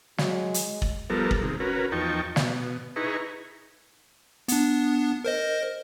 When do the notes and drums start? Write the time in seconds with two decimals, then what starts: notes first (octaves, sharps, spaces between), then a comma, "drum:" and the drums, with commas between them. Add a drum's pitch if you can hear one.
0.18 F#3 G#3, drum: snare
0.54 drum: hi-hat
0.82 drum: kick
1.10 F3 G3 B3 A4 A#4
1.31 drum: kick
1.42 C3 D#3 G#3
1.60 C#4 F#4 A#4 B4
1.92 E2 F3 D#4 G5 A5 C#6
2.36 B2, drum: snare
2.96 D#4 E4 G#4 B4 A#5 C#6
4.48 B3 D4, drum: hi-hat
5.24 A#4 C5 D#5